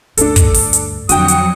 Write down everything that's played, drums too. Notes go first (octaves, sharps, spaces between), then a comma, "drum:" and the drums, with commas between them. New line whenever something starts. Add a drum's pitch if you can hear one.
D2 G2 D4 A4, drum: hi-hat
drum: kick, hi-hat
drum: open hi-hat
drum: hi-hat
F2 D3 F#3 F#4 G5 D#6 C#7, drum: hi-hat
drum: hi-hat